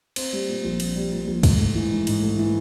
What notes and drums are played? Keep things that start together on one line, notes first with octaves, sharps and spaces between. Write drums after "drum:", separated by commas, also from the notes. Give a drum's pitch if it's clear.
C4, drum: cymbal
G3
A#2
A#1
C4, drum: cymbal
G3
A#2
A#1
G#2, drum: kick, cymbal
A3
E3
G#2
G#2, drum: cymbal
A3
E3